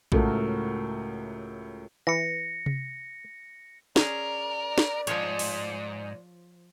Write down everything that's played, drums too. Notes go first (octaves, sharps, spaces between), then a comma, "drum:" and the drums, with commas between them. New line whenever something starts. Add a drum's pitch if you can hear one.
C#2 A2 F#4 A4 A#4, drum: kick A#1
E3 A#6 C#7
drum: tom C3
C#4 G#4 A#4 D5, drum: snare
drum: snare
G#2 F3 F4 C#5, drum: hi-hat
drum: open hi-hat